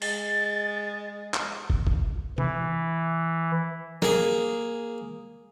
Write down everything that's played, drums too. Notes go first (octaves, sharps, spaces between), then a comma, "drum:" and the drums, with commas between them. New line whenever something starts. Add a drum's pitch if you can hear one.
G#3 A6, drum: open hi-hat
drum: clap
drum: kick
drum: kick
E3, drum: tom C3
A#3 G#4, drum: snare